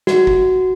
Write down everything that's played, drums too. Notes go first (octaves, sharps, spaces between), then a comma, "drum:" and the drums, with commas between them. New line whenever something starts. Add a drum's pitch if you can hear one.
F#4, drum: snare
drum: kick